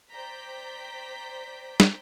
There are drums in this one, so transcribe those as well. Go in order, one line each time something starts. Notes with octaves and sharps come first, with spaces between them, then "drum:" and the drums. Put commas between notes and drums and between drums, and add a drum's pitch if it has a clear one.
C5 D5 G5 A#5 G6 B6
drum: snare